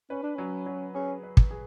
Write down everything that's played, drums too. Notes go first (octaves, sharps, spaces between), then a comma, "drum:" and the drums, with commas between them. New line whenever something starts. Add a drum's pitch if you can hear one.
C#4 B4
D4
F#3 C#4
F#3
C#4 G#4
B4
drum: kick
G#4